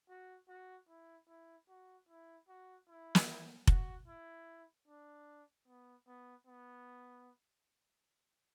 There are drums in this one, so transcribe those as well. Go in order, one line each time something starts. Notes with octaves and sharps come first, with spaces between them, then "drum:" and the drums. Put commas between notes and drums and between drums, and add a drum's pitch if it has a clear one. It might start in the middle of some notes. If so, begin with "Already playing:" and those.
F#4
F#4
E4
E4
F#4
E4
F#4
E4
drum: snare
F#4, drum: kick F1
E4
D4
B3
B3
B3